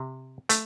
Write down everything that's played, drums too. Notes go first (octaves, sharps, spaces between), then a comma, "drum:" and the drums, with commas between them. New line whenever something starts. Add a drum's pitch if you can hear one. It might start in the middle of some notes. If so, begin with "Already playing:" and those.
Already playing: C3
A3, drum: hi-hat